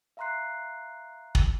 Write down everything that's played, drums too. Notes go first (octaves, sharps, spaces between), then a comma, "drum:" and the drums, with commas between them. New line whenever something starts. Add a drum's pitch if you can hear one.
E5 F5 A#5 C6 F#6 C7
drum: kick